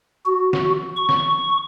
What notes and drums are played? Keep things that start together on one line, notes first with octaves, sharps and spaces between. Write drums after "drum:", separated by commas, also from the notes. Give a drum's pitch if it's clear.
F#4
drum: snare
C#6
drum: snare